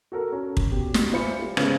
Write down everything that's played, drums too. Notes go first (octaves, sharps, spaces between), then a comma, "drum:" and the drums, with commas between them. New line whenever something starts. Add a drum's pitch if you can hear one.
F#4 A4 A#4
C#4
drum: kick
B2 G4
drum: snare
E3 F4 C5 B5 C#7
G3
C#3 F3 G#3 B3, drum: rim click